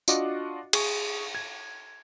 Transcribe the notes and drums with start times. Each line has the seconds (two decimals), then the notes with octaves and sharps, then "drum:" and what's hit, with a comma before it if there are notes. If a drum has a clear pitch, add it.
0.08 D4 F4 F#4 D#5 F#5 D6, drum: tambourine
0.73 G#4 C#6, drum: cymbal
1.35 G#6